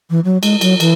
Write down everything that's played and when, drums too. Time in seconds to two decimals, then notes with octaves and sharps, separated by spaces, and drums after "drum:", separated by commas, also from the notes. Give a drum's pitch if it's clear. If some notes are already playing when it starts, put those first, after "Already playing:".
0.10 E3
0.24 F#3
0.43 G#3, drum: cymbal
0.61 F#3, drum: cymbal
0.80 E3, drum: cymbal